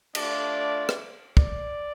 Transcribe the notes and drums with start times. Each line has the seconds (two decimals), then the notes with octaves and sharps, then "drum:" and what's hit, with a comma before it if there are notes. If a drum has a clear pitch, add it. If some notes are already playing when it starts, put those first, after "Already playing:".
0.15 A3 D4 F4 D5, drum: cymbal
0.89 drum: rim click
1.37 D5, drum: kick